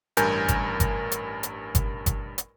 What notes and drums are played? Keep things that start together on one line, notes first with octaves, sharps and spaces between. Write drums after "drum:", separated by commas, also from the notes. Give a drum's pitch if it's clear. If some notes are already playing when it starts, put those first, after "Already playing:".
A1 G2 A#4 G#5 G6, drum: hi-hat
drum: kick G1, hi-hat
drum: kick G1, hi-hat
drum: hi-hat
drum: hi-hat
drum: kick G1, hi-hat
drum: kick G1, hi-hat
drum: hi-hat